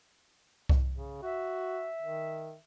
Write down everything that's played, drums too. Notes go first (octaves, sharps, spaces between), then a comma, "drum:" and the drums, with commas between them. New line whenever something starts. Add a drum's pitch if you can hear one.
drum: kick C2
C#3
F#4 E5
D#3